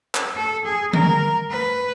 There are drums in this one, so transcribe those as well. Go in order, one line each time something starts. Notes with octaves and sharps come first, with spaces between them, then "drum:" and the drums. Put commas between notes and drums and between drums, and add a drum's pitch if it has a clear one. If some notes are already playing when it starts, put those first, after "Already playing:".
drum: clap
A4
G#4
A#4, drum: tom D3
B4